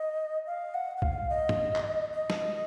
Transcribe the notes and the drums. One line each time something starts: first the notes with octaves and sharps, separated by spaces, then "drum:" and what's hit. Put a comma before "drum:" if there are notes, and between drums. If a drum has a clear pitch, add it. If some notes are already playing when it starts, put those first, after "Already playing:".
Already playing: D#5
F5
F#5
F#5
F5, drum: kick B1
D#5
drum: tom
drum: clap
D#5
drum: snare